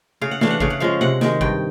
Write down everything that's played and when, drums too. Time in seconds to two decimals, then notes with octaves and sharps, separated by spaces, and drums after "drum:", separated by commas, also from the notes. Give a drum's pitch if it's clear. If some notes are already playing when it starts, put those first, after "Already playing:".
0.21 C#3 F5
0.31 F#5
0.41 E3 A3 D4 F5, drum: snare
0.50 F#5
0.60 C#3 F5, drum: kick
0.70 F#5
0.80 F3 G#3 C#4 F5
1.01 C3 F#5
1.21 D#3 G#3, drum: snare
1.41 G2 G5, drum: kick